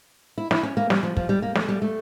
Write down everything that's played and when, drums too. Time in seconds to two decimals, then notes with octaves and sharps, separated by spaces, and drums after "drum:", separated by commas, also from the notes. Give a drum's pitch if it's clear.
0.38 E4
0.51 E4, drum: snare
0.63 C#4
0.77 A#3
0.90 G3, drum: snare
1.03 F3
1.17 F3, drum: kick
1.29 G3
1.42 A#3
1.55 A3, drum: snare
1.68 G3
1.82 A3